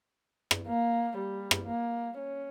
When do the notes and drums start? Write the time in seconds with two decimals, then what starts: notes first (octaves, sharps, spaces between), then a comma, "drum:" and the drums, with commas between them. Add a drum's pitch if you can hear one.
0.51 drum: rim click
0.67 A#3
1.17 G3
1.51 drum: rim click
1.67 A#3
2.17 C#4